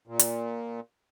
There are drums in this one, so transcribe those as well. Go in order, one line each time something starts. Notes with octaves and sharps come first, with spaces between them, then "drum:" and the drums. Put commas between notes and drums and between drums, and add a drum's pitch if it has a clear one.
A#2
drum: hi-hat